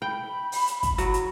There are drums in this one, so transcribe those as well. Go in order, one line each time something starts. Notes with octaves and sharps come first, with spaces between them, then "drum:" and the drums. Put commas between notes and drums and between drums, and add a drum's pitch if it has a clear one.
G5 B5
drum: open hi-hat
drum: hi-hat
drum: kick, hi-hat
F#3, drum: hi-hat
drum: hi-hat